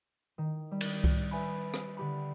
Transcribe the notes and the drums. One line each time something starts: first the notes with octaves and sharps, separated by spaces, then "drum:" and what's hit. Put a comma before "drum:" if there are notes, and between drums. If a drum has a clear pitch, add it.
D#3
G3
drum: cymbal
drum: kick C2
B4 E5 G#5 B5
drum: rim click
D3 G4 B5